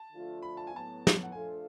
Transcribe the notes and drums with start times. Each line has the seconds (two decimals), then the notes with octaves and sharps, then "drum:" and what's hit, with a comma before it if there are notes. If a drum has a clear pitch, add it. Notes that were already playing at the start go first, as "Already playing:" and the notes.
Already playing: A5
0.13 D3 F3 A3 F4
0.43 B5
0.57 A5
0.67 G#5
0.73 A2 F#3 B3 A5
1.07 drum: snare
1.23 F#5
1.32 F3 A3 D4 F4 A4 G#5